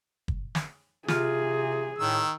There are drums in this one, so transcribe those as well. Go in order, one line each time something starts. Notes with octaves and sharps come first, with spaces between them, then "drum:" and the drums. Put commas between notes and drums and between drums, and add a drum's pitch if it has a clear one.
drum: kick
drum: snare
C3 F4 G#4, drum: snare
A2 D#3 E6